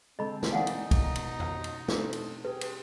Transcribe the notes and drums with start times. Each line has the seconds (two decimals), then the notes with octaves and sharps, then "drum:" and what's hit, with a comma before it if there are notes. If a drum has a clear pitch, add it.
0.19 D3 G#3 C4 A4 D#5 B5
0.43 drum: snare
0.53 E3 A#3 D#4 D5 D#5 F5 F#5 G#5
0.67 drum: cymbal
0.91 drum: kick, cymbal
1.04 B2 B3 A#5
1.16 drum: cymbal
1.40 drum: tom F2
1.64 drum: cymbal
1.88 C4 D4 A4, drum: snare
2.13 drum: cymbal
2.45 G4 G#4 B4
2.61 drum: cymbal